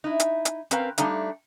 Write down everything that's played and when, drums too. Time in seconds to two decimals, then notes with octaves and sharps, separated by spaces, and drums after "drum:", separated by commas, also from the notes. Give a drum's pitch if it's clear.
0.04 D#4 E4
0.20 drum: hi-hat
0.45 drum: hi-hat
0.71 C4 C#4 A#4 B4 F5 G5, drum: hi-hat
0.98 G3 A3 D4 D#4 F5, drum: hi-hat